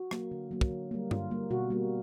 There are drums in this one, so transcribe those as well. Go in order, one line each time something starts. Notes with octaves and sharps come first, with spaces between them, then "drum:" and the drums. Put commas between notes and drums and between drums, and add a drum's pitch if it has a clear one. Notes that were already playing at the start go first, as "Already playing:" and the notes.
Already playing: F#4
F#3 A#3, drum: rim click
D3
F#3 A#3
drum: kick
D3
G3 A#3
D3 F4, drum: tom G2
G3 A#3
B2 F#4
G3 A#3